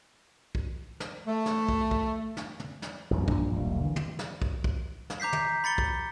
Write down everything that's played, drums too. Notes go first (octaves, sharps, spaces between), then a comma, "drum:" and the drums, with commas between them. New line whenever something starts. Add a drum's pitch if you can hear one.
drum: kick
drum: snare
A3
drum: snare
drum: kick
drum: kick
drum: snare
drum: tom
drum: snare
A1 F#2
G2 A#2 F3 D4, drum: kick
E1 B1 G3 A#3
D3 E3
drum: tom
drum: snare
drum: kick
drum: kick
drum: snare
A#5 D6 G6 B6 C7
drum: tom
B5 A6 C#7 G7
drum: kick